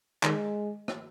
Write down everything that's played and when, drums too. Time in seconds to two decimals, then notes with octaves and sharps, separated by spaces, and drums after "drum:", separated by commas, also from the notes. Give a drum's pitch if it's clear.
0.23 D#3 G#3, drum: clap
0.88 drum: rim click